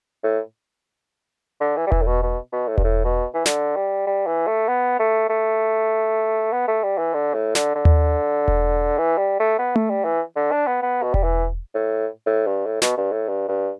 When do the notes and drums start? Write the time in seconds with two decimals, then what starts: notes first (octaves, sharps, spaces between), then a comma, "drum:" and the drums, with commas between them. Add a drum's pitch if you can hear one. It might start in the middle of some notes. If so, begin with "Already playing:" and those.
0.23 A2
1.60 D3
1.77 E3
1.87 G3
1.92 E3, drum: kick E1
2.02 A2
2.07 B2
2.22 B2
2.53 B2
2.68 A2
2.78 G2, drum: kick E1
2.84 A2
3.05 B2
3.34 E3
3.46 D3, drum: snare
3.76 G3
4.07 G3
4.27 E3
4.47 A3
4.68 B3
4.99 A3
5.29 A3
6.53 B3
6.68 A3
6.83 G3
6.98 E3
7.14 D3
7.34 A2
7.55 D3, drum: snare
7.76 D3
7.85 drum: tom D#2
8.48 drum: kick E1
8.98 E3
9.18 G3
9.40 A3
9.59 B3
9.76 A3, drum: tom A3
9.90 G3
10.05 E3
10.36 D3
10.52 D4
10.67 B3
10.82 B3
11.03 B2
11.14 G3, drum: kick E1
11.24 E3
11.75 A2
12.26 A2
12.47 G2
12.66 A2
12.82 B2, drum: snare
12.98 G2
13.12 A2
13.29 G2
13.49 G2